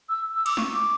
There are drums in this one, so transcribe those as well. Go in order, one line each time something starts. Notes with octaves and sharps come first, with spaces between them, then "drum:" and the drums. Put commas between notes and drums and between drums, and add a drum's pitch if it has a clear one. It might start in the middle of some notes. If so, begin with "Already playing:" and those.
E6
E6
D6, drum: cymbal
C#6, drum: snare
D6